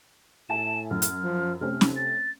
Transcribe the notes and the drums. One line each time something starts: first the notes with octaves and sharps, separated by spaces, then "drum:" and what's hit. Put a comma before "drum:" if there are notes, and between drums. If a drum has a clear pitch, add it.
A2 E5 G#5 A5 E7
F#2 F6
drum: hi-hat
F3
C3 A3 C4 C#4 F6
drum: snare C#4
A6